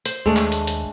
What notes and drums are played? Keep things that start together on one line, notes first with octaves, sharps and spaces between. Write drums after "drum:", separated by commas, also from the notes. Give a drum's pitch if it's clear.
C5, drum: hi-hat
D#2 G#3 A3 D4
drum: clap
drum: hi-hat
drum: hi-hat